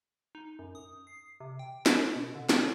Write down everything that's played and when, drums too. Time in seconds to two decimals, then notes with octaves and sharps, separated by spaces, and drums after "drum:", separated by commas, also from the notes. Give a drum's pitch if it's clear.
0.35 D#4
0.59 F#2
0.75 D#6
1.07 C7
1.40 C3
1.59 G5
1.86 A#4, drum: snare
2.16 B2
2.35 D3
2.49 D5, drum: snare